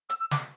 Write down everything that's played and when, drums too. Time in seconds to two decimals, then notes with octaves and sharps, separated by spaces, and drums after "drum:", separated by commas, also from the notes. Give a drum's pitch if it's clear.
0.10 E6, drum: hi-hat
0.20 E6
0.31 D6, drum: snare